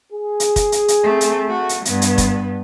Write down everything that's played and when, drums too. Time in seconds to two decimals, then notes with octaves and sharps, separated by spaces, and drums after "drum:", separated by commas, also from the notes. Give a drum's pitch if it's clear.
0.12 G#4
0.40 drum: hi-hat
0.56 drum: kick, hi-hat
0.72 drum: hi-hat
0.88 drum: hi-hat
1.03 A3 C4
1.21 drum: hi-hat
1.48 A3 F#4
1.69 drum: hi-hat
1.85 G2 B3, drum: hi-hat
2.02 drum: hi-hat
2.18 drum: kick, hi-hat